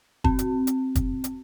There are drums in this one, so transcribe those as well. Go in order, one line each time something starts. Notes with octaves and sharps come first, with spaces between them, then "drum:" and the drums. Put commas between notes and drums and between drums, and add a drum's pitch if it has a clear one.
C4, drum: kick
drum: hi-hat
drum: hi-hat
drum: kick, hi-hat
drum: hi-hat